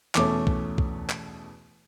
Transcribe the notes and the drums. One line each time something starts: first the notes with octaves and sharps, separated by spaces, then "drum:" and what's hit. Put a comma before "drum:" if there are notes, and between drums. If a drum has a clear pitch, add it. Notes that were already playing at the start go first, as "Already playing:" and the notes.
E2 B2 A3 C#4 D6, drum: clap
drum: kick
drum: kick
drum: clap